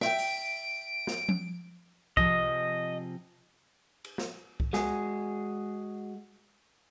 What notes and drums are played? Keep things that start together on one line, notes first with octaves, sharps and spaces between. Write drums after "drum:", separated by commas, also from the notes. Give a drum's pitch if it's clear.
E5 G5 D7, drum: snare
drum: open hi-hat
drum: snare
drum: tom F3
C3 F3 G#4 D#5, drum: kick C2
drum: cymbal
drum: snare
drum: kick C2
G#3 F#4 G#4, drum: snare